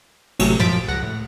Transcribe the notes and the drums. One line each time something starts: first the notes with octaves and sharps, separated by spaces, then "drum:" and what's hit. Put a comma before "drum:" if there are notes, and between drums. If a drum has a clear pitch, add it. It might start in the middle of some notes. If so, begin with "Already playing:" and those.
A1 C3 F#3 A3 C#4, drum: cymbal
F#2 F3 A6 B6 D7, drum: tom
C#2 F#5 A#6
A2